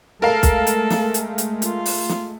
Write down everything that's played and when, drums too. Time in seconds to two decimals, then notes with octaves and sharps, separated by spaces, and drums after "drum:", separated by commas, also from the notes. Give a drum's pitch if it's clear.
0.22 G#3 A3 A4 A#4 F5
0.43 drum: kick, hi-hat
0.67 drum: hi-hat
0.90 drum: snare
1.14 drum: hi-hat
1.38 drum: hi-hat
1.62 F4, drum: hi-hat
1.86 drum: open hi-hat
2.09 drum: snare